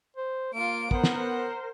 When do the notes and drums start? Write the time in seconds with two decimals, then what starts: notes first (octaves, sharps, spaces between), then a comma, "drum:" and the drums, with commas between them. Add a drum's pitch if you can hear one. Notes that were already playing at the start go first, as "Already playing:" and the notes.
0.17 C5
0.54 A#3 F4 D7
0.91 B3 A#4 C5 F#5, drum: kick
1.04 drum: snare